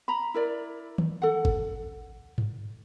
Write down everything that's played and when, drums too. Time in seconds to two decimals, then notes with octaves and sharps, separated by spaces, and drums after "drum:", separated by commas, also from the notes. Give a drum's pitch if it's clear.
0.08 A#5 B5
0.34 E4 A#4 D5
0.98 drum: tom D#3
1.22 A4 F#5
1.45 drum: kick G#1
2.38 drum: tom G2